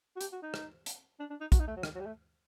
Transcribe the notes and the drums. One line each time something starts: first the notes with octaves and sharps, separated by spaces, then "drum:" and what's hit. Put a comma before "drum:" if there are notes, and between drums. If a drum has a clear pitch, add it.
F#4
G4, drum: hi-hat
F#4
D#4
drum: rim click
drum: hi-hat
D4
D4
D#4
F#4, drum: kick, hi-hat
D#4
A3
F#3
D#3, drum: rim click
F#3
G3
A3